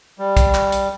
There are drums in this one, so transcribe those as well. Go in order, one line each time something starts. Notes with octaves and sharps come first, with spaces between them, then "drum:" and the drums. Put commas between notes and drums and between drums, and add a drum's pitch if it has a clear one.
G3
drum: kick, hi-hat
drum: clap
drum: hi-hat